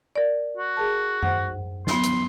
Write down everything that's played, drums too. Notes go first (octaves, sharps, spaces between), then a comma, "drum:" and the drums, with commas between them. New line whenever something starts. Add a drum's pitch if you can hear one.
A#4 D5
F#4
G#4 A#4 A5
C5 F#5, drum: tom F#2
F#3 B3 C6, drum: snare
drum: hi-hat